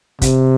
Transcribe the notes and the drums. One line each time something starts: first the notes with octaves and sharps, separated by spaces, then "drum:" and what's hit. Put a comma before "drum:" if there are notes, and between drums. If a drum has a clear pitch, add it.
C3, drum: kick, hi-hat